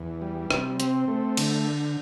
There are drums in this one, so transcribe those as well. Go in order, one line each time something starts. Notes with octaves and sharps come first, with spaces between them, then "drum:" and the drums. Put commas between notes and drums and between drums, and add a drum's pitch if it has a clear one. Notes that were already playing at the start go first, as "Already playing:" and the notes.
Already playing: E2
G3
C3, drum: rim click
C4, drum: hi-hat
A3
D3, drum: cymbal